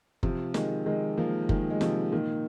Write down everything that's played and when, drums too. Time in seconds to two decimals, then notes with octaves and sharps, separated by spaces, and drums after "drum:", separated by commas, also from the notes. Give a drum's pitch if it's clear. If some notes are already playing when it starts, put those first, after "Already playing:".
0.23 C3 F3, drum: kick F#1
0.54 D#3 G#3, drum: snare
0.86 D#3 G#3
1.17 F3 A#3
1.49 D#3 G#3, drum: kick F#1
1.70 G#3
1.81 C3 F3, drum: snare
2.12 A#2 D#3